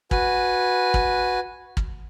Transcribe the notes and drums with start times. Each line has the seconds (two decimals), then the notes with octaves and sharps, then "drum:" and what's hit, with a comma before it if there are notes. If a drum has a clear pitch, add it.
0.11 F#4 B4 G#5, drum: kick
0.94 drum: kick
1.77 drum: kick